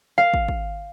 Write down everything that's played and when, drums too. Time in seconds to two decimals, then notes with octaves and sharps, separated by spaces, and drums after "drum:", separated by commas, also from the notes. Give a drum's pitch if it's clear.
0.18 F5
0.34 drum: kick
0.48 drum: kick